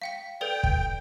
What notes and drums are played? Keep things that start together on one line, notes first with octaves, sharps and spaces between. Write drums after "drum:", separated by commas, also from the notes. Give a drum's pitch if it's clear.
F5 G5 B6
A4 B4 D5 G5
drum: kick